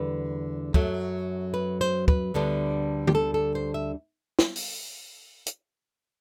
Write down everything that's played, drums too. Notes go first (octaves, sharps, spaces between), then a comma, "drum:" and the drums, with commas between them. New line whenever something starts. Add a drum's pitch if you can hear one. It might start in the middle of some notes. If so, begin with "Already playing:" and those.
Already playing: E2 D3 G3 B4
F#2 F#3 A3, drum: kick
B4
C5
B4, drum: kick
D2 D3 G3 B3 D4
G4, drum: tom
A4
A4
C5
E5
drum: snare
drum: open hi-hat
drum: hi-hat